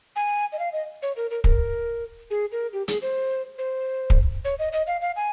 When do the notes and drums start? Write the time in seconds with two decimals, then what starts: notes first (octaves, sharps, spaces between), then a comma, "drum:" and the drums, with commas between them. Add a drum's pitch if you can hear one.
0.16 G#5
0.52 D#5
0.59 F5
0.73 D#5
1.02 C#5
1.17 A#4
1.31 A#4
1.44 A#4, drum: kick
2.31 G#4
2.52 A#4
2.73 G4
2.88 G#4, drum: hi-hat
3.02 C5
3.58 C5
4.10 drum: kick
4.45 C#5
4.59 D#5
4.73 D#5
4.87 F5
5.01 F5
5.16 G#5